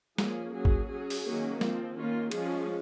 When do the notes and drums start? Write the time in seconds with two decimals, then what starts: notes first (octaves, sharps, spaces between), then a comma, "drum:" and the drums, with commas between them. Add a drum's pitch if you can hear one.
0.18 F3 A#3 C#4 G#4, drum: snare
0.54 F#3 C#4 G#4
0.65 drum: kick
0.90 F#3 C#4 G#4
1.10 drum: open hi-hat
1.26 D#3 F#3 A#3 C#4
1.61 F3 C4, drum: snare
1.96 D#3 A#3 C#4 F4
2.31 F3 G#3 C#4 G#4, drum: cymbal